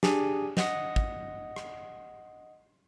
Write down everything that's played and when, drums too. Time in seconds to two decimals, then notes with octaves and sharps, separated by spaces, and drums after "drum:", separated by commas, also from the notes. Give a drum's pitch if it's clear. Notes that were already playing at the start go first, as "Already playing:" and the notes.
0.03 D4 G4 G#4 G#5, drum: snare
0.57 D#5 F#5 D#6, drum: snare
0.96 drum: kick
1.56 drum: rim click